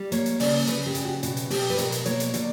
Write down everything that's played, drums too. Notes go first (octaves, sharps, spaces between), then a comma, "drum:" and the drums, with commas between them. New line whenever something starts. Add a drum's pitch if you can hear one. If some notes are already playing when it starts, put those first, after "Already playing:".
Already playing: G3
A#3 C#5, drum: hi-hat
drum: hi-hat
C#3 D5, drum: open hi-hat
C#3 B4, drum: hi-hat
G4
C#3, drum: hi-hat
F#4
B2 F#4, drum: hi-hat
drum: hi-hat
B2 G4, drum: open hi-hat
B4
B2 A#4, drum: hi-hat
drum: hi-hat
A#3 C#5, drum: hi-hat
drum: hi-hat
D3 D5, drum: hi-hat